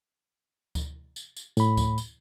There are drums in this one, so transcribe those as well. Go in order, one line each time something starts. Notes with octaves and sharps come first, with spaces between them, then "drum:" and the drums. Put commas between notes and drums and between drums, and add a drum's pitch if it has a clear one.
drum: kick D2, tambourine
drum: tambourine
drum: tambourine
A2 B5, drum: tambourine
drum: kick D2, tambourine
drum: tambourine